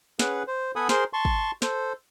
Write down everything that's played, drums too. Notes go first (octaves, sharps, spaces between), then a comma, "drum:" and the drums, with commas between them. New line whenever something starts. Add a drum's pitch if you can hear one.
C#4 G#4 B4 F#5, drum: snare
C5
B3 A4 F#5 G#5 B5 D#6
G#4 A#4 C5 C6, drum: snare
A5 C6 C#6
drum: kick
A4 C5, drum: snare